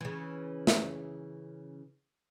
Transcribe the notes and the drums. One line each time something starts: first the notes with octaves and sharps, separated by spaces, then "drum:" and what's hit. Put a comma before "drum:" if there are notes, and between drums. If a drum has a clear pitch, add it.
C#3 E3
drum: snare